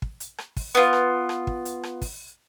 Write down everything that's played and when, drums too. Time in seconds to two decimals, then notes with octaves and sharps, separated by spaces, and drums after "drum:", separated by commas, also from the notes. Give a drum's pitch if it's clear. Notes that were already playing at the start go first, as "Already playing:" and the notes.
0.02 drum: kick
0.20 drum: hi-hat
0.38 drum: rim click
0.57 drum: kick, open hi-hat
0.75 B3 F4
0.93 drum: rim click
1.29 drum: rim click
1.47 drum: kick
1.65 drum: hi-hat
1.83 drum: rim click
2.02 drum: kick, open hi-hat